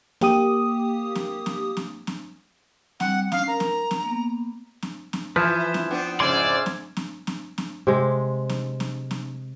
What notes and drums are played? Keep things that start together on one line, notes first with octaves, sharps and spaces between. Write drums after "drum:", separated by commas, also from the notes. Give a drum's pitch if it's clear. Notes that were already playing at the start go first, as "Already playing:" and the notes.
A#3 G4 D#6, drum: snare C4
drum: snare C4
drum: snare C4
drum: snare C4
drum: snare C4
G3 C4 F#5, drum: snare C4
C#4 F5 D#6, drum: snare C4
A#4 A#5
drum: snare C4
drum: snare C4
A#3 B3
drum: snare C4
drum: snare C4
E3 F3 B4 E5 G#5
drum: snare C4
B3 C4 D4
F2 G#2 C#3 D5 E5 G#5 C6
drum: snare C4
drum: snare C4
drum: snare C4
drum: snare C4
C3 G#3
drum: snare C4
drum: snare C4
drum: snare C4